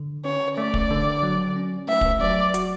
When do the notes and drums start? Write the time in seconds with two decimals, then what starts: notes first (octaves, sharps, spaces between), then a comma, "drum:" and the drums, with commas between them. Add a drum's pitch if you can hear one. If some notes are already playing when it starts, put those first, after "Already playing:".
Already playing: D3
0.25 C#4 C#5
0.58 A3 D5
0.74 drum: kick
0.91 D3
1.23 F#3
1.56 C#4
1.88 A3 E5
2.01 drum: kick
2.21 F#3 D5
2.54 F#4, drum: hi-hat